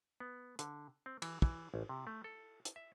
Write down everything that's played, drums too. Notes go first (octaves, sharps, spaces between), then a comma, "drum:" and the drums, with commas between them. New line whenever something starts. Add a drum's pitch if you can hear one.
B3
D3, drum: hi-hat
C4
E3, drum: cymbal
E3, drum: kick
A1
C3
A3
A4
drum: hi-hat
E5